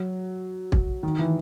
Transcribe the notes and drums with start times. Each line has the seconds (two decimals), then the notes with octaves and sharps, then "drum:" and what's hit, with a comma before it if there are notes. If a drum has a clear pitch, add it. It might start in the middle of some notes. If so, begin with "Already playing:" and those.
Already playing: F#3
0.72 drum: kick
1.03 D#3
1.19 E3